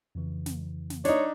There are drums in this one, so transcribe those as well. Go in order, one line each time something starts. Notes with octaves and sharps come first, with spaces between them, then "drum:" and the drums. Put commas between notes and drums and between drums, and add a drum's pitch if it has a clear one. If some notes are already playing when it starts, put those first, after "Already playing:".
F2 C#3 E3
drum: snare
drum: snare
D4 D#4 C#5, drum: snare